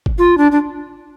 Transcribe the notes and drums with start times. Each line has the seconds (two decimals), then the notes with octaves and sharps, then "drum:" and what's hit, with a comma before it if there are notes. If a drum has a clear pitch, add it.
0.06 drum: kick F#1
0.18 F4
0.38 D4
0.52 D4